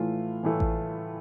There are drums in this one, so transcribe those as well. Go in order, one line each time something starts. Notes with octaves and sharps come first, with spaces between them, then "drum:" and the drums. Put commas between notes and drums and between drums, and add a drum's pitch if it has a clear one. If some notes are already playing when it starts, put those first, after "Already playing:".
Already playing: A2 E3 A3 F4
A2 E3 A3
drum: kick A1